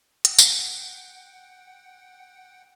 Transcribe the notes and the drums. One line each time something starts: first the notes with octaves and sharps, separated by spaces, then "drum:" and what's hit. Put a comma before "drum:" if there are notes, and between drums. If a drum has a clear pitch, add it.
F#5 G5, drum: hi-hat
drum: tambourine